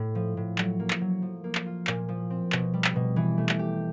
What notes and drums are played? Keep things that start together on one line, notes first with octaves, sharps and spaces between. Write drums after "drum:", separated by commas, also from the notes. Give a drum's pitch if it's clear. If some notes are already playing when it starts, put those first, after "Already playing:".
Already playing: A2
F3
A2
F#3, drum: clap
A#3
drum: clap
F#3
F3
A#3
drum: clap
F4
A#2, drum: clap
F3
C4
B2, drum: clap
G3
drum: clap
B2
E3
A3
drum: clap
G4